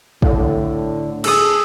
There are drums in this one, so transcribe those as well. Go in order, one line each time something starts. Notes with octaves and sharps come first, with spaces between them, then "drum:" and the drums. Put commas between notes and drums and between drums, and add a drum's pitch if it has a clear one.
A2 D3, drum: kick
G#4 A4 D#6 E6, drum: cymbal